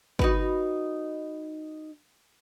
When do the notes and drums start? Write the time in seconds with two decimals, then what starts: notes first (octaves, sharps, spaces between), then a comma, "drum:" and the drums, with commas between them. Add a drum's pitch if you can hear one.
0.19 D#4 F#4 B4, drum: kick